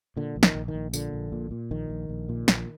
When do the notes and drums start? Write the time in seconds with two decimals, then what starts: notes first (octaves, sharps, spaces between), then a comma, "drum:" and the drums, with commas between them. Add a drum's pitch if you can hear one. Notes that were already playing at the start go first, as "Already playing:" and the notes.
0.17 A#2 D3
0.36 A#1
0.43 D#3, drum: snare
0.55 A#1
0.68 D#3
0.74 A#1
0.93 A#2 D3, drum: tambourine
1.13 A#1
1.32 A#2
1.51 A#2
1.71 A#1 D#3
1.90 A#1
2.09 A#1
2.29 A#2
2.48 A#1, drum: snare